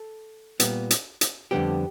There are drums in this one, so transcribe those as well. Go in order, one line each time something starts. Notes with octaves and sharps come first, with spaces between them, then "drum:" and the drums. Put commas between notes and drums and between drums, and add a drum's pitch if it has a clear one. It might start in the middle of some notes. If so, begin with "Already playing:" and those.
Already playing: A4
A#2 G3 B3, drum: hi-hat
drum: hi-hat
drum: hi-hat
F2 D3 G3 B3 G4